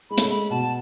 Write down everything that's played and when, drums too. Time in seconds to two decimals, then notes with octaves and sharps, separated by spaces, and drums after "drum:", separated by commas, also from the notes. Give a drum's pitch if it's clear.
0.11 G#3 B5
0.17 A3, drum: hi-hat
0.25 G#3
0.30 B5
0.50 B2 A5